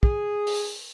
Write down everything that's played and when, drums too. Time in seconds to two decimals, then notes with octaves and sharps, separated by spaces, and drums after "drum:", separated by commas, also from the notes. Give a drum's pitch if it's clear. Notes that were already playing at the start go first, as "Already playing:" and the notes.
0.03 G#4, drum: kick
0.47 drum: open hi-hat